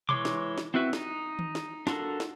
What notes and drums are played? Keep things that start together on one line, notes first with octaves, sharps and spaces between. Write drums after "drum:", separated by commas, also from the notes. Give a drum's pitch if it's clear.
E3 G#3 C#5 C6 D6, drum: tom B2
drum: snare
drum: snare
C4 E4 F#4 B4 E5
D#4, drum: snare
drum: tom D#3
drum: snare
D4 F4 F#4 A4 A#4, drum: snare
drum: snare